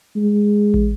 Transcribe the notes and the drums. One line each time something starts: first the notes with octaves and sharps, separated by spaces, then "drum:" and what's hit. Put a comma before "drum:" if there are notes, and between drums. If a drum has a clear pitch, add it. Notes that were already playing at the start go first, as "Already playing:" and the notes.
G#3
drum: kick